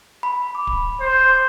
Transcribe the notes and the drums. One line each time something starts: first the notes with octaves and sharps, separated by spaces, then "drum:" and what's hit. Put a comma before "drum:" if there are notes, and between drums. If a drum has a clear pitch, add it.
B5
D6
drum: kick D1
C5